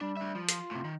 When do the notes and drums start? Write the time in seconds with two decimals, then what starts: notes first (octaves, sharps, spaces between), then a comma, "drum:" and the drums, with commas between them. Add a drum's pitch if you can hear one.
0.01 G3 D4
0.17 D4 E5
0.35 F3
0.49 F4, drum: hi-hat
0.71 A2 C3
0.85 D#3